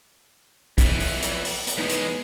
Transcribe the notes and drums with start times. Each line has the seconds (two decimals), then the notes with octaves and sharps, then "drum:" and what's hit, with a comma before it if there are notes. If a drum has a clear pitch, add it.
0.78 F2 E3, drum: kick, hi-hat
1.00 drum: open hi-hat
1.22 drum: hi-hat
1.45 drum: open hi-hat
1.67 drum: hi-hat
1.77 E2 G#3 B3 D#4 B4
1.89 drum: hi-hat